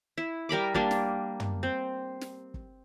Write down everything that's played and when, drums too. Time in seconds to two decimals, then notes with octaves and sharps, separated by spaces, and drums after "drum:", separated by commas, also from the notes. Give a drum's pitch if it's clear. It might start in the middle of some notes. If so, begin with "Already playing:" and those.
0.18 E4
0.49 G3 A#4 B5 D6
0.74 G3 A#3 D4, drum: kick G1
0.91 drum: snare
1.40 drum: tom
1.63 C4
2.21 drum: snare
2.54 drum: kick G1